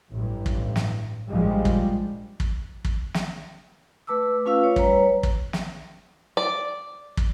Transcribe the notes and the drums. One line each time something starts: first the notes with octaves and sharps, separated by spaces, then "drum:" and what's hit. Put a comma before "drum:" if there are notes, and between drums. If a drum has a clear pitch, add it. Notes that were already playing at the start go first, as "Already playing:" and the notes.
A1 G2
drum: kick
drum: snare
A#1 G#2 F3 G3 G#3
drum: kick
drum: kick
drum: kick
drum: snare
A3 B4 A5 D6 E6
A3 C#4 F4 B4 F5 E6
C#5
G3 B4 C#5 A#5, drum: kick
drum: kick
drum: snare
D5
drum: kick